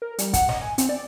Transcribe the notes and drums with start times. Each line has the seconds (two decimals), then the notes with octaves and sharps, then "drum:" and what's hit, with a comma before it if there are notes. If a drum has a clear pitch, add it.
0.02 A#4
0.18 G3, drum: hi-hat
0.34 F#5, drum: kick, hi-hat
0.49 D#5, drum: snare
0.61 G#5
0.78 C4, drum: hi-hat
0.89 D5